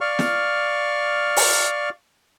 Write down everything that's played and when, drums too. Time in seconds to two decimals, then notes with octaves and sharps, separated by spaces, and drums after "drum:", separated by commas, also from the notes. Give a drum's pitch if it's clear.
0.01 D5 F5 C#6 F6
0.19 drum: snare
1.37 drum: open hi-hat